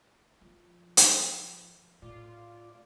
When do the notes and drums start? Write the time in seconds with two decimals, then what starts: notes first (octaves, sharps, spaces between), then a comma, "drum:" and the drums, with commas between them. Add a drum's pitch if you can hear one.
0.41 F3
0.97 drum: hi-hat
2.02 A2 F4 D5